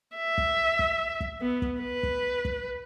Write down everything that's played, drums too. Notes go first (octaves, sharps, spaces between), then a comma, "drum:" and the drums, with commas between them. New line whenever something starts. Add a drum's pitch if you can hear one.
E5
drum: kick
drum: kick
drum: kick
B3
drum: kick
B4
drum: kick
drum: kick